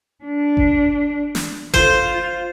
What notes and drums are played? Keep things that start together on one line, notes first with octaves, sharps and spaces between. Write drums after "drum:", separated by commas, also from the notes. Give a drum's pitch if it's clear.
D4
drum: kick G1
drum: snare
F4 C5, drum: kick G1